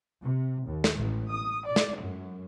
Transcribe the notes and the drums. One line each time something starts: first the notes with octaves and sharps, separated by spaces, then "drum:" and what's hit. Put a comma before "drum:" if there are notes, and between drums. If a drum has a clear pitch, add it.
C3
D#2
drum: snare
A1
D#6
D5
drum: snare
F#2